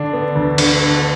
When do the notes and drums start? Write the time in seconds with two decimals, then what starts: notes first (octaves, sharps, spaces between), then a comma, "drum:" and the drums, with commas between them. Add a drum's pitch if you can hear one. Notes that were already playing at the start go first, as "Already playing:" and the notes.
Already playing: D3 D4
0.13 B3
0.35 D2
0.58 D3, drum: cymbal
0.80 D4